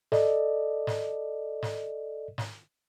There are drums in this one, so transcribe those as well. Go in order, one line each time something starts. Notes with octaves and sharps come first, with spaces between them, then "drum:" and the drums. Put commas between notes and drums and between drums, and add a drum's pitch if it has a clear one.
A4 D5 D#5, drum: snare
drum: snare
drum: snare
drum: snare